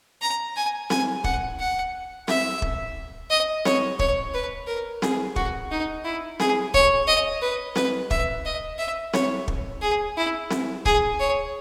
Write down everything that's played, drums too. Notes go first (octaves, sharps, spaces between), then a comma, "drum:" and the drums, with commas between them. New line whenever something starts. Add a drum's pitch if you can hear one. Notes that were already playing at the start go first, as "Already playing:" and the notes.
A#5
G#5
G#5, drum: snare C4
F#5, drum: kick
F#5
E5, drum: snare C4
drum: kick
D#5
C#5, drum: snare C4
C#5, drum: kick
B4
A#4
G#4, drum: snare C4
F#4, drum: kick
D#4
E4
G#4, drum: snare C4
C#5, drum: kick
D#5
B4
B4, drum: snare C4
E5, drum: kick
D#5
E5
C#5, drum: snare C4
drum: kick
G#4
E4
drum: snare C4
G#4, drum: kick
C#5